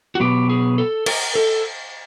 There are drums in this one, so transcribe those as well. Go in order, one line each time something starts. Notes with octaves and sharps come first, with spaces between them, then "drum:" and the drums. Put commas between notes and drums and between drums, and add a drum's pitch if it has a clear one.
F#4
B2 F#3 B3 G4
G#4
A4
A#4, drum: cymbal
A4